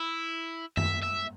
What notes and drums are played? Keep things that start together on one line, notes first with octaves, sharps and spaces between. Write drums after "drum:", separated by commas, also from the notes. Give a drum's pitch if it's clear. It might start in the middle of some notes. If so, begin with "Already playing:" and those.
Already playing: E4
E5, drum: tom F#2
E5